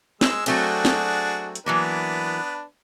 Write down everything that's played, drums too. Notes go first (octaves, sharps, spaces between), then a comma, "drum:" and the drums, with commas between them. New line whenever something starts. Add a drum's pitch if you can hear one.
G#3 E6, drum: snare
F#3 A3 C4 D4 F#4 G#4, drum: cymbal
drum: snare
drum: hi-hat
E3 F#3 A#3 B3 D4 B4